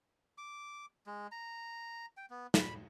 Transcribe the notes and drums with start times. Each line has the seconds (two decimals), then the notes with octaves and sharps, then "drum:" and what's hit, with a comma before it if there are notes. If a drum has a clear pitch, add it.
0.38 D6
1.07 G#3
1.32 A#5
2.17 G5
2.30 B3
2.54 B5, drum: snare